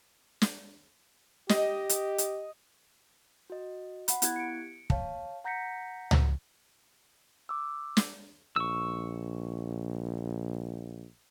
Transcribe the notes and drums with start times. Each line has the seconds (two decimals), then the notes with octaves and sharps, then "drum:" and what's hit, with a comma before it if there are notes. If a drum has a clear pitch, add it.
0.42 drum: snare
1.49 G4 D#5, drum: snare
1.89 drum: hi-hat
2.18 drum: hi-hat
3.50 F#4 D#5
4.08 F#5 B5, drum: hi-hat
4.22 B3 E4 G4 F#6 G#6, drum: hi-hat
4.36 C#7 D7
4.90 C#5 F5 A5, drum: kick
5.44 F#5 A#5 G6 A#6 B6 C#7
6.11 drum: tom C#2
7.49 D6 E6
7.97 drum: snare
8.56 A#1 C#6 E6